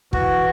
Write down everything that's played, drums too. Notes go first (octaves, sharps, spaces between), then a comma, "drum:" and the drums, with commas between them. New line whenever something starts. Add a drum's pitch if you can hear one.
E3 F#4, drum: kick